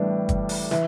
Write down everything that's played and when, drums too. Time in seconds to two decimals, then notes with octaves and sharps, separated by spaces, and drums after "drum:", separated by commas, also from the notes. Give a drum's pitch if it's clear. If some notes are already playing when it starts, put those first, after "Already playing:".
Already playing: A2 E3 G3 B3 D4
0.29 drum: kick, hi-hat
0.49 drum: open hi-hat
0.71 E3, drum: snare